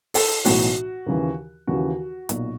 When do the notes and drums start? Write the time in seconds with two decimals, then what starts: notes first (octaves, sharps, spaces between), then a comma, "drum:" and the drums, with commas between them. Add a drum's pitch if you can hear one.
0.14 A4, drum: open hi-hat
0.45 B1 A2 E3 F#4, drum: open hi-hat
1.06 D#2 C#3 E3
1.67 D#2 C#3 E3 F#4
2.29 B1 A#2, drum: hi-hat